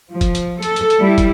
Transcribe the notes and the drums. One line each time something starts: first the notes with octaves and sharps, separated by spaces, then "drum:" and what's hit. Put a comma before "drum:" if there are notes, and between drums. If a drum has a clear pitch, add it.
F3
drum: kick, hi-hat
drum: hi-hat
A4, drum: hi-hat
drum: hi-hat
drum: hi-hat
G3 E4
drum: kick, hi-hat